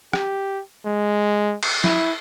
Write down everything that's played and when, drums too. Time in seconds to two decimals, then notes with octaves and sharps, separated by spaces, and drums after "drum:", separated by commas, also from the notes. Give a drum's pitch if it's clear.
0.13 G4, drum: rim click
0.86 G#3
1.63 drum: cymbal
1.84 E4, drum: snare